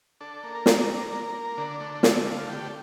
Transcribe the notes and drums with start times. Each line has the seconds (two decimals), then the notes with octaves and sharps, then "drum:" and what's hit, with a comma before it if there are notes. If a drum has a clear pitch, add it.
0.21 D4 A4
0.43 A#3
0.55 A#4
0.66 D4, drum: snare
0.89 D4
1.12 A#3
1.34 A#3
1.57 D3 D4
1.80 A3 D4
1.95 D4
2.03 D3 E4, drum: snare
2.25 A3 F4
2.49 D3 G4